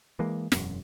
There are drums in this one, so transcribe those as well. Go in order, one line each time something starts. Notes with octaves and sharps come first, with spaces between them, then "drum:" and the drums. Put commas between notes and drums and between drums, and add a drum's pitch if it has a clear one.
E3 G#3 A#3
E1 F#2, drum: snare